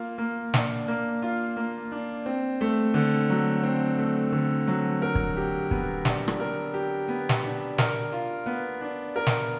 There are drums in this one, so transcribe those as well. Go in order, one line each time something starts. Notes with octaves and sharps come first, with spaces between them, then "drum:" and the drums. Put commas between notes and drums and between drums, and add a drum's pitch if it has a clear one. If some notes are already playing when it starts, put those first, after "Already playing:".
Already playing: A#3 F4
A#3
D4, drum: snare
A#3
F4
A#3
D4
C4
A3
D3
F#3
C4
A3
D3
F#3
A#4
drum: kick
G4
B3, drum: kick
D4, drum: snare
drum: rim click
A#4
G4
B3
drum: snare
D4
A#4, drum: snare
F4
B3
D4
A#4
drum: snare